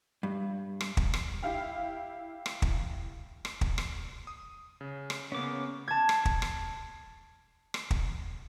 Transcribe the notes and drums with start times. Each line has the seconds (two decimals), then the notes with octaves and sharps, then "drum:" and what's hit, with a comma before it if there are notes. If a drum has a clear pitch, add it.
0.23 G2
0.81 drum: rim click
0.97 drum: kick
1.14 drum: rim click
1.42 E4 G4 F5 G5
2.46 drum: rim click
2.62 drum: kick
3.45 drum: rim click
3.61 drum: kick
3.78 drum: rim click
4.27 D#6
4.81 C#3
5.10 drum: rim click
5.32 C#3 A#3 B3 C#4 D6
5.88 A5 G#6
6.09 drum: rim click
6.25 drum: kick
6.42 drum: rim click
7.74 drum: rim click
7.91 drum: kick